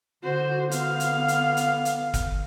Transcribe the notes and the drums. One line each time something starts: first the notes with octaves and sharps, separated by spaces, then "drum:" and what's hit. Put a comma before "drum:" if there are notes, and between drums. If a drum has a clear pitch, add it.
D3 F#4 C5
B3 F5, drum: hi-hat
drum: hi-hat
drum: hi-hat
drum: hi-hat
drum: hi-hat
drum: kick, hi-hat